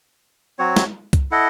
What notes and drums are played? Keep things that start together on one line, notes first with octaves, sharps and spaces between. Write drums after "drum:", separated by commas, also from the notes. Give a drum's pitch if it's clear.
F#3 C4 F#4 C#5
drum: snare
drum: kick C2, hi-hat
E4 A4 D#5 F#5